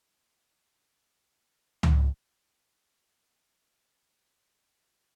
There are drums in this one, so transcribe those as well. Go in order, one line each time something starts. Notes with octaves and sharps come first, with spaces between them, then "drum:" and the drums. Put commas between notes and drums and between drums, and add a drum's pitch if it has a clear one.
E5
C#5
F#4
C#6
D4
drum: tom C#2
D5
G#5
C3
D2
F4
F#5
A3